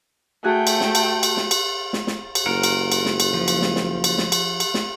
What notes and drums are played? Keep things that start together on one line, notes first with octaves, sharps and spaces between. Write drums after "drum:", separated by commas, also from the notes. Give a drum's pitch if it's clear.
A3 F#4 G#4 G5 F#6
drum: cymbal
drum: snare
drum: cymbal
drum: cymbal
drum: snare
drum: cymbal
drum: snare
drum: snare
drum: cymbal
F#1 A#4 F#5
drum: cymbal
drum: cymbal
drum: snare
drum: cymbal
F3
drum: cymbal
drum: snare
drum: snare
drum: cymbal
drum: snare
drum: cymbal
drum: cymbal
drum: snare